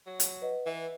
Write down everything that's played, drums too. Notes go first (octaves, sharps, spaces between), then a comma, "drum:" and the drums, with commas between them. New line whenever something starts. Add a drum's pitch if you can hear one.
F#3
drum: hi-hat
B4 D#5 F#5
E3